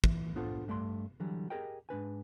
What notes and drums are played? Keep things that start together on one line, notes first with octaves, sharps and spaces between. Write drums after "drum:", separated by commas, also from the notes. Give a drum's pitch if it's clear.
E3, drum: kick
B3 D4 F4 A4 C5
G2 A3 D5 A5 C6
D3 E3 F#3 G3
G4 G#4 A#4 D#5 G5
G#2 D4 B4 G#5